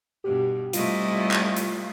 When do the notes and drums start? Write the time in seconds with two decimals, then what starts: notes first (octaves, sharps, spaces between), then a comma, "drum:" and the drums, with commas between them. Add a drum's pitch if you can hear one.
0.24 G2 B2 G4
0.73 C3 G3 A3 E4 F4 D#5, drum: hi-hat
1.31 drum: clap
1.56 drum: hi-hat